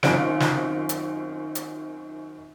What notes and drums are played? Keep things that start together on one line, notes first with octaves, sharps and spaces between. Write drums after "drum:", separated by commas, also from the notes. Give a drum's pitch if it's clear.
F#2 D#3 C4 F4 D7, drum: snare
drum: snare
drum: hi-hat
drum: hi-hat